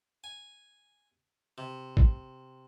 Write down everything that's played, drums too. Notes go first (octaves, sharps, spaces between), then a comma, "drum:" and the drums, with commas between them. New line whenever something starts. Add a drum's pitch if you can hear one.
G#5
C3
drum: kick